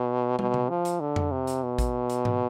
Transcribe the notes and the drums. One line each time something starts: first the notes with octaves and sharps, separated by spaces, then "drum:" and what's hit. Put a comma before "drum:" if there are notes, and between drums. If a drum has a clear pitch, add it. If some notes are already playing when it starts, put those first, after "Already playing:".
Already playing: B2
B2, drum: tom
drum: tom C3
F3
drum: hi-hat
D3
drum: tom F2
C3
drum: hi-hat
B2
drum: kick A1, hi-hat
drum: hi-hat
drum: tom G#2